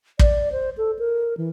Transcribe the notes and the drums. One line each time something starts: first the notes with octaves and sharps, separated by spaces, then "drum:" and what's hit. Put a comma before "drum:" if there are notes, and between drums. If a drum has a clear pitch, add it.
D5, drum: kick
C5
A4
A#4
E3